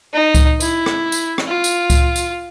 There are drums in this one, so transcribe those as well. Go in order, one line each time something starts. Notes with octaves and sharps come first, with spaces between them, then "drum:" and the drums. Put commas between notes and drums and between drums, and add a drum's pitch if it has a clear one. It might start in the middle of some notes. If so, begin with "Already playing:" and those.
D#4
drum: kick C#2, tambourine
E4, drum: tambourine
drum: rim click
drum: tambourine
drum: rim click
F4
drum: tambourine
drum: kick C#2, tambourine
drum: tambourine